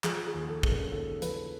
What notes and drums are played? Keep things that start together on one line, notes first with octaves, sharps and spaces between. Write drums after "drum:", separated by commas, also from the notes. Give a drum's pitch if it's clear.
F3 G#4, drum: clap
G#4
D#2
A4
C#3, drum: kick
A#4
D#2 A4
F3 B4, drum: hi-hat